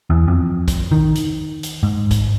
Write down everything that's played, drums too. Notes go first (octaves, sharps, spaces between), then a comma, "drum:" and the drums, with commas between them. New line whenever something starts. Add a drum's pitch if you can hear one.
E2
F2
drum: kick A#1, hi-hat
D#3
drum: hi-hat
drum: hi-hat
G#2
drum: kick A#1, hi-hat